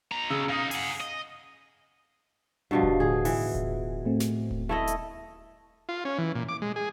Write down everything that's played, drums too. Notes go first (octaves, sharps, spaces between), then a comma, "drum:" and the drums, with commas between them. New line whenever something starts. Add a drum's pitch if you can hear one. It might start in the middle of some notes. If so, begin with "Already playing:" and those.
B2 A#5
C#3 E6
B2 D#4 F5 D#6
G#4 F#5, drum: open hi-hat
D#5
G2 B2 F3 G3
drum: kick D#1
A2 D3 F4 G#4
E3, drum: open hi-hat
drum: kick D#1
A2 A3 C4
drum: snare
drum: kick D#1
A3 E4 D#5
drum: hi-hat
F4
C#4
E3
A#2
D6
G#3
G#4